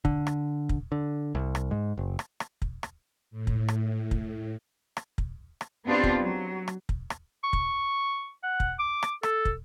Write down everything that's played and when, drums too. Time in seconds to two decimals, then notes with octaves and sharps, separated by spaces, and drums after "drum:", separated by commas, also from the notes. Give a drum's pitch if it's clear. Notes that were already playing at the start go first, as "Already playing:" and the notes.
0.05 D3, drum: kick
0.27 drum: rim click
0.69 drum: kick
0.92 D3
1.35 C2
1.55 drum: rim click
1.71 G#2
1.98 F#1
2.19 drum: rim click
2.40 drum: rim click
2.62 drum: kick
2.83 drum: rim click
3.31 A2
3.47 drum: kick
3.68 drum: rim click
4.11 drum: kick
4.97 drum: rim click
5.18 drum: kick
5.61 drum: rim click
5.86 B3 C4 D4 F4 G4
6.03 drum: kick
6.19 F#3
6.68 drum: rim click
6.89 drum: kick
7.10 drum: rim click
7.44 C#6
7.53 drum: kick
8.43 F#5
8.60 drum: kick
8.79 D6
9.03 drum: rim click
9.23 A4, drum: rim click
9.45 drum: kick